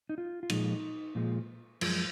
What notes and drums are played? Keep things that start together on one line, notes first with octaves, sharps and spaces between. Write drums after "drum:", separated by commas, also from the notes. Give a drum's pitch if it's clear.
D#4
F4
F4
A#2 F3 G#3 D#4, drum: cymbal
A#2 F3 G#3
F#2 F3 G#3, drum: cymbal